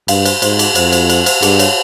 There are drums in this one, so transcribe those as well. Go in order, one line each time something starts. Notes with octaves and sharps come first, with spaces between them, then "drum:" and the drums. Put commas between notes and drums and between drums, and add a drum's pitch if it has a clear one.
G2 F5, drum: cymbal
C5, drum: cymbal
G#2 C5, drum: cymbal
G#4, drum: cymbal
F2 C5, drum: cymbal
C5, drum: cymbal
C5, drum: cymbal
C5, drum: cymbal
G2 G#4, drum: cymbal
C#5, drum: cymbal